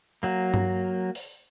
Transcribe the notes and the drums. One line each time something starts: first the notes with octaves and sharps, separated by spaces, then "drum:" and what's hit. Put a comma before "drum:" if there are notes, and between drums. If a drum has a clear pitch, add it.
F#3 A#3
drum: tom G2
drum: open hi-hat